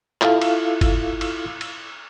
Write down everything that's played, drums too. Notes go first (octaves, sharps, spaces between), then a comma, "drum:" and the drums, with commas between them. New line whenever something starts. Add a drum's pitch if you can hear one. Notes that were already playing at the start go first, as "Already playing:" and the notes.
E4 F4 A4 F5, drum: clap
drum: cymbal
drum: kick G1, cymbal
drum: cymbal
drum: cymbal